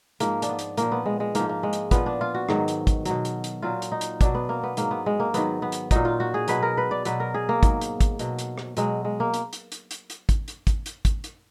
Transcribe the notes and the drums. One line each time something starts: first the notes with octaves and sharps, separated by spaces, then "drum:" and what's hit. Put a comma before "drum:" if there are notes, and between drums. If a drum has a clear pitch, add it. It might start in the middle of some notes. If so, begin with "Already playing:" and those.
G#2 F3 A#3, drum: hi-hat
D4, drum: hi-hat
B3
drum: hi-hat
A#2 F3 A#3, drum: hi-hat
B3
G#3
G#3
G#2 F3 A#3, drum: hi-hat
A#3
G#3
drum: hi-hat
A#2 F3 B3, drum: kick, hi-hat
D4
F4
F#4
G#2 D#3 F#3, drum: rim click
drum: hi-hat
drum: kick, hi-hat
B2 F#3, drum: hi-hat
drum: hi-hat
drum: hi-hat
A#2 F#3 F4
drum: hi-hat
D#4
drum: hi-hat
B2 F#3 D4, drum: kick, hi-hat
B3
A#3
B3
G#2 F#3 A#3, drum: hi-hat
B3
G#3
A#3
G#2 D#3 F#3 B3, drum: hi-hat
B3
drum: hi-hat
A#2 F#3 D#4, drum: kick, hi-hat
F4
F#4
G#4
B2 F#3 B4, drum: hi-hat
A#4
B4
D5
B2 F#3 B4, drum: hi-hat
A#4
G#4
A#3
G#2 F#3, drum: kick, hi-hat
drum: hi-hat
drum: kick, hi-hat
B2 F#3, drum: hi-hat
drum: hi-hat
drum: rim click
B2 F#3 G#3, drum: hi-hat
G#3
A#3
drum: hi-hat
drum: hi-hat
drum: hi-hat
drum: hi-hat
drum: hi-hat
drum: kick, hi-hat
drum: hi-hat
drum: kick, hi-hat
drum: hi-hat
drum: kick, hi-hat
drum: hi-hat